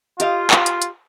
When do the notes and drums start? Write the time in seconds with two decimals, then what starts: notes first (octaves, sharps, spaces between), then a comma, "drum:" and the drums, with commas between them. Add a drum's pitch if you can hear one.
0.20 F4 G4 D#5 F5, drum: hi-hat
0.51 drum: clap
0.66 drum: hi-hat
0.82 drum: hi-hat